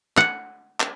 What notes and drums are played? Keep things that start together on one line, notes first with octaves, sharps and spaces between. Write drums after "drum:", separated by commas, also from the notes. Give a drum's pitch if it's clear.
F#5, drum: clap
drum: clap